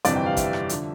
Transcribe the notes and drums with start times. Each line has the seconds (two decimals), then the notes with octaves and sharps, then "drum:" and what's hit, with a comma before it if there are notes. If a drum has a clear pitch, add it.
0.05 G1 F2 C3 E3 G3 D5, drum: hi-hat
0.16 G5
0.26 F5
0.37 E5, drum: kick, hi-hat
0.53 drum: rim click
0.69 D3 F3, drum: hi-hat